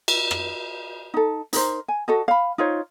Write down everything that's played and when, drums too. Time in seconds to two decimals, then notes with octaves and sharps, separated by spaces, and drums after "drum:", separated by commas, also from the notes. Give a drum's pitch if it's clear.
0.08 drum: cymbal
0.31 drum: rim click
1.14 D#4 A4
1.53 D#4 A#4 C5, drum: hi-hat
1.88 G#5
2.08 F#4 A4 D#5
2.28 F5 B5
2.58 D#4 F4 C5 C#5